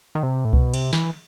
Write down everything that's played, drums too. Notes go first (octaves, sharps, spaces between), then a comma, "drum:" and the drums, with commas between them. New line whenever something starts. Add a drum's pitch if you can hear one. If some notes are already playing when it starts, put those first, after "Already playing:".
D#3
C3
A2
B2, drum: kick C2
C3, drum: cymbal
E3, drum: snare